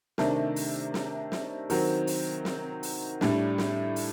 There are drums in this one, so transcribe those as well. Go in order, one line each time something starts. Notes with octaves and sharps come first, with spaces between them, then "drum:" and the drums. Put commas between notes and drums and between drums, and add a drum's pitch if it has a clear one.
C3 D#3 A3 D4, drum: snare
drum: open hi-hat
drum: snare
drum: snare
D#3 F#3 C4, drum: open hi-hat
drum: open hi-hat
drum: snare
drum: open hi-hat
A2 G3 D4, drum: snare
drum: snare
drum: open hi-hat